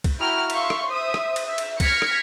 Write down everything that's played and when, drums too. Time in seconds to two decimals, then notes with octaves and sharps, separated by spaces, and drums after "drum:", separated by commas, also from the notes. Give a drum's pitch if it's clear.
0.04 drum: kick, cymbal
0.19 E4 F#4 G5 A#5 F6
0.50 E5 F5 C6 C#6, drum: cymbal
0.70 drum: rim click
0.88 C5 E5 D#6
1.14 drum: rim click
1.36 drum: cymbal
1.48 E5
1.58 drum: cymbal
1.80 F6 G#6 A#6 B6 C#7, drum: kick, cymbal
2.02 drum: rim click